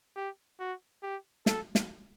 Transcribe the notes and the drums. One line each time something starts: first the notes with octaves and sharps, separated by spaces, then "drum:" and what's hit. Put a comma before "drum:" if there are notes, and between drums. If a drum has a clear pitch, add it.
G4
F#4
G4
A4, drum: snare
drum: snare